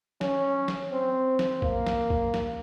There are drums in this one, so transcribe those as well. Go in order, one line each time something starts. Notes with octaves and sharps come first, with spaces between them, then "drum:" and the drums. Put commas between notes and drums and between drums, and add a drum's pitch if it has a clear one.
C#4, drum: snare
drum: snare
C4
drum: snare
A#3, drum: kick
drum: snare
drum: kick
drum: snare